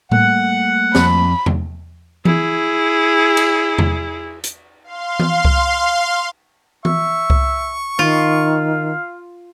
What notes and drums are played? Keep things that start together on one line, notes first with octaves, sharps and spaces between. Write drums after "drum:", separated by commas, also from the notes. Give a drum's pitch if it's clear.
G3 A3 A#3 F#5, drum: tom A2
F2 B5, drum: snare
drum: tom E2
E4 G#4, drum: tom E3
drum: cymbal
drum: tom E2
drum: hi-hat
F5 C6
drum: tom E3
drum: kick C2
E5 C#6, drum: tom E3
drum: kick C2
D#3 F4 F5